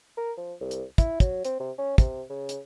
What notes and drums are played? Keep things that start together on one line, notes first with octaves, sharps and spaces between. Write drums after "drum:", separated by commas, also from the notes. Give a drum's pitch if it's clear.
A#4
F3
C2
drum: hi-hat
E4, drum: kick, hi-hat
F#3, drum: kick, hi-hat
C4, drum: hi-hat
C3
C#4
C3, drum: kick, hi-hat
C#3
drum: hi-hat